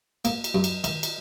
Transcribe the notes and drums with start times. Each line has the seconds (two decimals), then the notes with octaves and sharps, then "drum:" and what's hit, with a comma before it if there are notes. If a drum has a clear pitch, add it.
0.25 A#3, drum: cymbal
0.44 drum: cymbal
0.54 F#2
0.64 drum: cymbal
0.84 D#3, drum: cymbal
1.03 drum: cymbal